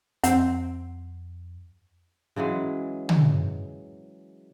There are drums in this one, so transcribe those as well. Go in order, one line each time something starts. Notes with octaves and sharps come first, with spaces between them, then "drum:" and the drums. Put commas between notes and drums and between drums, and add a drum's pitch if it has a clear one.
F2 C4 F#5, drum: hi-hat
C#3 E3 F#3 G#3
drum: tom